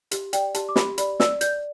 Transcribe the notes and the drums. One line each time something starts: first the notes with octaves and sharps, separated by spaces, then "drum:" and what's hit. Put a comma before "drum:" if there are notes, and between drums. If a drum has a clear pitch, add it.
G4, drum: hi-hat
D5 G5, drum: hi-hat
G4 A5, drum: hi-hat
D6
G4 B5, drum: snare
D5 B5, drum: hi-hat
D5 E6, drum: snare
D5 G6, drum: hi-hat